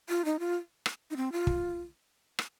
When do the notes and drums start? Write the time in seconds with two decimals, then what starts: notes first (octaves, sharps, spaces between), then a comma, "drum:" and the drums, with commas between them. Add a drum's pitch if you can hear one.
0.09 F4
0.25 D#4
0.39 F4
0.86 drum: rim click
1.11 D#4
1.16 C4
1.32 F4
1.47 drum: kick
2.39 drum: rim click